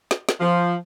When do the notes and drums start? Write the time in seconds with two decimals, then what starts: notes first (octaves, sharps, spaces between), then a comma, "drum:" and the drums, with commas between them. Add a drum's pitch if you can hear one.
0.11 drum: snare
0.29 drum: snare
0.41 F3